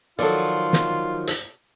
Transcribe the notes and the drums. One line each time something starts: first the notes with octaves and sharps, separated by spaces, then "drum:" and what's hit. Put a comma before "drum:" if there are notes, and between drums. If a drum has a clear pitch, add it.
D#3 F3 F#3 F4 A4 D5
drum: snare
drum: hi-hat